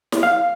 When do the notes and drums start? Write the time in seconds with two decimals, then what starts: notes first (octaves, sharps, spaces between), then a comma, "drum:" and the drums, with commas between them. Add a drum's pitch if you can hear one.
0.12 drum: snare
0.23 F5